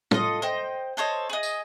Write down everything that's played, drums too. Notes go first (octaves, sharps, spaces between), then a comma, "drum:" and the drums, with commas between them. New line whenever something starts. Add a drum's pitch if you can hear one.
F4 A4 D#5, drum: tom
C5 D#5 G5
A4 C5 C#5 D#5
G#4 D#5
drum: tambourine